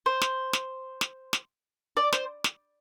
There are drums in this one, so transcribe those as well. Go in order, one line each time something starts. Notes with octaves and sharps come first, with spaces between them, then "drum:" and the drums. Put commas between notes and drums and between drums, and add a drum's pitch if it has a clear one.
C5
drum: snare
drum: snare
drum: snare
drum: snare
D5
C5, drum: snare
drum: snare